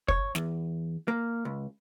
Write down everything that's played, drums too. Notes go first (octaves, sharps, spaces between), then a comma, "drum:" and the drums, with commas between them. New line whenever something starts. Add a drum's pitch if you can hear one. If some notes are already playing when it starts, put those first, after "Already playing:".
C#5, drum: kick
E2, drum: snare
A#3
C#2